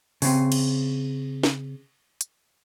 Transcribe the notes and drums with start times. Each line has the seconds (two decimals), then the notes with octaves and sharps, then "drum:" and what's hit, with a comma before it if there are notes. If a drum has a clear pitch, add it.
0.22 C#3 C4, drum: open hi-hat
0.52 drum: cymbal
1.43 drum: snare
2.21 drum: hi-hat